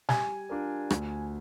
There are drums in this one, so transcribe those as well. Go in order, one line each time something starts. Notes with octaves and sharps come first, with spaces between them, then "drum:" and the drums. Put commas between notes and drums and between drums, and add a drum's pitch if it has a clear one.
G3 G#5, drum: snare
D4 F4 A#4 D5
D2, drum: rim click